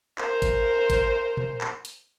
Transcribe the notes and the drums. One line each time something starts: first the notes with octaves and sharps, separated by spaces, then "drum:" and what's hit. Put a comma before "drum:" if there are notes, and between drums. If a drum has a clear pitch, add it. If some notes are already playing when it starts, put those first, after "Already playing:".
A#4 C5, drum: clap
drum: kick, hi-hat
drum: kick, hi-hat
drum: tom A#2
drum: clap
drum: hi-hat